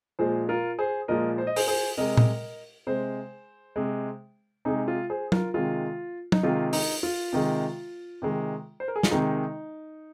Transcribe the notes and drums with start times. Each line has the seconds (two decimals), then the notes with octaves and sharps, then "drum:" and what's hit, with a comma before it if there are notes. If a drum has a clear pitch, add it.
0.19 A#2 F3 G#3 G#4 C5
0.49 F4 A#4
0.79 G#4 C5
1.08 A#2 F3 G#3 A#4 D#5
1.38 C5
1.47 D#5
1.56 G#4 C5, drum: open hi-hat
1.68 G#4 C5
1.97 C3 G#3 A#4 D#5
2.17 drum: tom A#2
2.87 C3 G#3 G#4 C5
3.76 C3 G#3
4.65 C3 G#3 D#4 G#4
4.88 F4
5.10 G#4 C5
5.32 F4 A#4, drum: tom
5.54 C3 D#3 G#3 F4
6.32 D#4, drum: tom
6.43 C3 D#3 G#3 F4
6.73 D#4, drum: open hi-hat
7.03 F4
7.33 C3 D#3 G#3
8.22 C3 D#3 G#3
8.80 C5
8.88 A#4
8.96 G#4
9.03 F4, drum: snare
9.11 C3 D#3 G#3 D#4